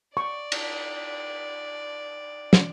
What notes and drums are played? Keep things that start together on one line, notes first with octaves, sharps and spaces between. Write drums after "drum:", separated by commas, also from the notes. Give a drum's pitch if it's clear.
D5 C#6
drum: cymbal
drum: snare